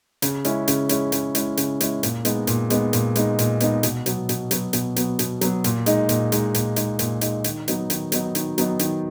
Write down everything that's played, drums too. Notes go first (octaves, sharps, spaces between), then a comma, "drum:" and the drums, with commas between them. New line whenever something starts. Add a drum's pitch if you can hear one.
C#3, drum: hi-hat
G#3 C#4 E4, drum: hi-hat
C#3, drum: hi-hat
G#3 C#4 E4, drum: hi-hat
C#3, drum: hi-hat
G#3 C#4 E4, drum: hi-hat
C#3, drum: hi-hat
G#3 C#4 E4, drum: hi-hat
A#2, drum: hi-hat
G#3 B3 D#4, drum: hi-hat
A#2, drum: hi-hat
G#3 B3 D#4, drum: hi-hat
A#2, drum: hi-hat
G#3 B3 D#4, drum: hi-hat
A#2, drum: hi-hat
G#3 B3 D#4, drum: hi-hat
B2, drum: hi-hat
F#3 B3, drum: hi-hat
B2, drum: hi-hat
F#3 B3, drum: hi-hat
B2, drum: hi-hat
F#3 B3, drum: hi-hat
B2, drum: hi-hat
F#3 B3, drum: hi-hat
A#2, drum: hi-hat
G#3 D#4, drum: hi-hat
A#2, drum: hi-hat
G#3 D#4, drum: hi-hat
A#2, drum: hi-hat
G#3 D#4, drum: hi-hat
A#2, drum: hi-hat
G#3 D#4, drum: hi-hat
D#3, drum: hi-hat
F#3 B3 D#4, drum: hi-hat
D#3, drum: hi-hat
F#3 B3 D#4, drum: hi-hat
D#3, drum: hi-hat
F#3 B3 D#4, drum: hi-hat
D#3, drum: hi-hat